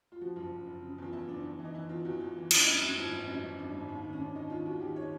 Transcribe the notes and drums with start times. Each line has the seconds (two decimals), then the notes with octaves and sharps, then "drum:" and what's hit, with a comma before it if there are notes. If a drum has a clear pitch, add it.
0.12 F4
0.21 F3 F#4
0.36 F#1 F4
0.52 F#1
0.67 F#1
0.82 C#3
0.98 E2 F4
1.13 E2 E4
1.28 F#1 D4
1.43 E2
1.59 E3
1.64 D#4
1.74 E3 E4
1.89 E2 F4
2.05 E2 F#4
2.20 E2 F4
2.36 E3
2.51 E2 D4, drum: cymbal
2.66 F#2 D#4
2.82 F#2 E4
2.97 G#1 F4
3.12 G#1 E4
3.27 F#2 D#4
3.44 G#1
3.59 F#2 D4
3.74 G#1
3.89 D#2
4.04 D#3
4.13 C#4
4.19 D#2 D4
4.35 D#2 D#4
4.50 D#3 F4
4.66 D#2 F#4
4.81 D#2 G4
4.96 D#3 C#5